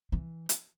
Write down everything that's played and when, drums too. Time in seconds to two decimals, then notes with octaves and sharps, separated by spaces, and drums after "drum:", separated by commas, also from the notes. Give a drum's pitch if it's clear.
0.12 E3
0.49 drum: hi-hat